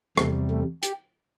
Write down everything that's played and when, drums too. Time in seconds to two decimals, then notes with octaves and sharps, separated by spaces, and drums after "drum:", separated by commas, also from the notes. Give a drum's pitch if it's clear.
0.17 E2 C3 G3 A3, drum: rim click
0.50 A3
0.83 G4, drum: hi-hat